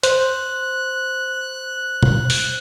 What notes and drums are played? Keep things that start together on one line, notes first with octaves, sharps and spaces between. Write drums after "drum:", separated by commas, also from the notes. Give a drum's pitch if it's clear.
C5 F#6, drum: hi-hat
drum: tom B2
drum: open hi-hat